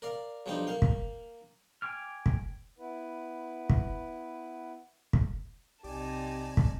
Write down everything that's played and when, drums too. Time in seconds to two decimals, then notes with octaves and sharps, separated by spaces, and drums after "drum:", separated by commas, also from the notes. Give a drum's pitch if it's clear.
0.02 A#4 D5 F5
0.46 B1 F3 G3 D4 D#4 G5
0.67 A#3 F5 G5
0.82 drum: kick
1.82 G5 G#5 D6 F6
2.26 drum: kick
2.79 B3 E4 B4
3.70 drum: kick
5.13 drum: kick
5.84 B1 C3 D#4 G4 D5 G#5 A5
6.57 drum: kick